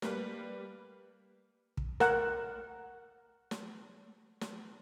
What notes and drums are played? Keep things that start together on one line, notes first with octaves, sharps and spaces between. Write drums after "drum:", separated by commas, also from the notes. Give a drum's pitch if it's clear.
G3 A#3 B4, drum: snare
drum: kick
A#4 F#5, drum: snare
drum: snare
drum: snare